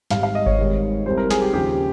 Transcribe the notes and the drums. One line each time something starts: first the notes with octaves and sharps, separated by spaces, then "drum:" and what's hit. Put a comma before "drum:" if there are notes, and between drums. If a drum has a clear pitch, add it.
G#1 G#2 G3 F5, drum: snare
F5
D#5
C#5, drum: kick G1
G#1 G#2 D#3 G3
C2 C3 G3 C5
A#4
G#4, drum: snare
G4
D#2 C#3 F3 G4